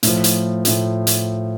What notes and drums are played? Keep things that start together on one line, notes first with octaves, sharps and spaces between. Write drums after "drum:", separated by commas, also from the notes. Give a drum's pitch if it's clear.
A2 F3, drum: hi-hat
drum: hi-hat
A2 F3, drum: hi-hat
drum: hi-hat